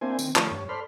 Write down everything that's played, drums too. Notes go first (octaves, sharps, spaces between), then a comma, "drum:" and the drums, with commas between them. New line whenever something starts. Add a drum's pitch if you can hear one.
A#3 C4 D4 E4 C5 G#5
D#3 C4, drum: tambourine
D#3 F3 A3 C#5 F6, drum: clap
G2 C#5
A4 C5 D5 B5 C6 F6